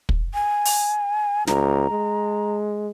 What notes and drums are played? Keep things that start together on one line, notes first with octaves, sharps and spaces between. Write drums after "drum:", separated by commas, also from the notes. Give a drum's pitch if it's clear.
drum: kick
G#5
drum: open hi-hat
C#2 A#5, drum: snare
G#3